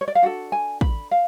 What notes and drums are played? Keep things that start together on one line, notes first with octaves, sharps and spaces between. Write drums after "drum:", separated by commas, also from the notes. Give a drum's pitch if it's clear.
C#5
D5
F5
D4 F#4 A4 F#5
G#5
B5, drum: kick
F5